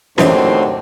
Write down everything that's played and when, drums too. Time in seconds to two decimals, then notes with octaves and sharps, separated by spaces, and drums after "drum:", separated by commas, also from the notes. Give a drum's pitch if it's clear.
0.18 D#2 A2 D3 E3 F#3 C4 D#4, drum: snare C#4